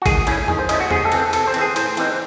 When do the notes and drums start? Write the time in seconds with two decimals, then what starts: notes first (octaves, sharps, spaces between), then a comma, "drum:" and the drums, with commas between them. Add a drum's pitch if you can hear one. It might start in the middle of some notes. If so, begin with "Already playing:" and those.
0.02 F#4
0.06 D#3 G#4, drum: kick, cymbal
0.27 A3 C#4 E4, drum: cymbal
0.48 D#3 G#4, drum: tom E2
0.59 C5
0.69 A3 C#4 E4 D#5, drum: cymbal
0.80 F#4
0.91 C3 G#4, drum: tom E2
1.05 A4
1.12 E3 C4, drum: cymbal
1.19 A4
1.33 C3 A4, drum: cymbal
1.47 C5
1.54 E3 C4, drum: cymbal
1.61 G#4
1.76 A2 C5, drum: cymbal
1.97 E3 C4 D#4, drum: cymbal